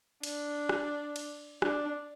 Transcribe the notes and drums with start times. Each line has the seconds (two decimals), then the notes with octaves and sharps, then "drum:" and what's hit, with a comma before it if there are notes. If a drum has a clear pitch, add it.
0.23 D4, drum: cymbal
0.69 drum: rim click
1.16 drum: cymbal
1.62 D4, drum: rim click